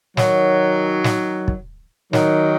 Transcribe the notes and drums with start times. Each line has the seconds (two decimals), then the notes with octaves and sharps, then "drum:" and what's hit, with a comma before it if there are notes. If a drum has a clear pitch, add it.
0.17 D#3 F#3, drum: snare
1.04 drum: snare
1.48 drum: kick
2.13 D#3 F#3, drum: snare